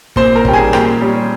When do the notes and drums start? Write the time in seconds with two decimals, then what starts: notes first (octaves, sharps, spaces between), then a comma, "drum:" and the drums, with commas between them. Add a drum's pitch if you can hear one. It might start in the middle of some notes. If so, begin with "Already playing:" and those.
0.16 A#2 C5 C6, drum: kick
0.35 A#4 A#5
0.45 G3 A#3 C#4 G5, drum: kick
0.53 G#4 G#5
0.73 A#2 G4 G5, drum: rim click
1.01 G3 A#3 C#4